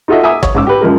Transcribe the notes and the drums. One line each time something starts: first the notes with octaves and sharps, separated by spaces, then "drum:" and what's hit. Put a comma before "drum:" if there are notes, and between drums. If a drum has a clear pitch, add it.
D#4 F4 F#4 A4 D#5 E5
E5 G#5 A#5 D6 D#6
C#5, drum: kick
G#2 C#4 D6 E6
G4 B4
F#2 F3 G#3 A#4